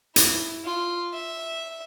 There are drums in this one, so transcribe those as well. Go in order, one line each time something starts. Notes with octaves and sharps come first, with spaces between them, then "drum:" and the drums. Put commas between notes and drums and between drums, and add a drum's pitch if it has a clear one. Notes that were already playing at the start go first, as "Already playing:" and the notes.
E4, drum: hi-hat
F4
E5